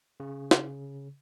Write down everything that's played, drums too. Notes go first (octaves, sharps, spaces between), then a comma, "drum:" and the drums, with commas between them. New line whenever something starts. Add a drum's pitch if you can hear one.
C#3
drum: snare